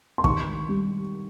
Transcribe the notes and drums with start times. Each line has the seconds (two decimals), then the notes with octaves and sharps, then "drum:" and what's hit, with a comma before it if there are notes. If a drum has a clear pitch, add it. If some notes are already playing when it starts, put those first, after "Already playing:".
0.18 C6
0.24 D#3 C#6, drum: kick
0.69 G3